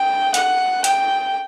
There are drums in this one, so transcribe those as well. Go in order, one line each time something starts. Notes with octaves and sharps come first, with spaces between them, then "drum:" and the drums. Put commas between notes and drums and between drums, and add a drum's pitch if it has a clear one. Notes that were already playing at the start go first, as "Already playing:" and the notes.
Already playing: G5
F#5, drum: hi-hat
G5, drum: hi-hat